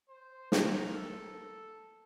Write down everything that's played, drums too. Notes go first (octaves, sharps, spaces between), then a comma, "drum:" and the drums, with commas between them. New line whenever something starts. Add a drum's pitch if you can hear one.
C5
A#4, drum: snare
A4